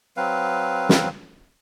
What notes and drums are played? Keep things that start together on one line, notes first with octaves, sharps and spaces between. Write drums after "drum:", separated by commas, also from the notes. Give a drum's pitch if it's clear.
F#3 C4 B4 F5
drum: snare